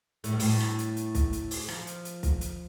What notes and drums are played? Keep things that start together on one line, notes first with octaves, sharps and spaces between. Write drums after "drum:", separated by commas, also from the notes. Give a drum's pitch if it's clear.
A2, drum: hi-hat
G2
A2, drum: open hi-hat
drum: rim click
drum: hi-hat
drum: hi-hat
drum: kick, hi-hat
drum: hi-hat
drum: open hi-hat
F3, drum: rim click
drum: hi-hat
drum: hi-hat
drum: kick, hi-hat
drum: hi-hat